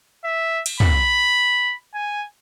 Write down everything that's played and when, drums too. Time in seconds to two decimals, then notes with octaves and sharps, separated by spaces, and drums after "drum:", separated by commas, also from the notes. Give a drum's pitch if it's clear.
0.25 E5
0.66 drum: cymbal
0.80 B5, drum: tom
1.94 G#5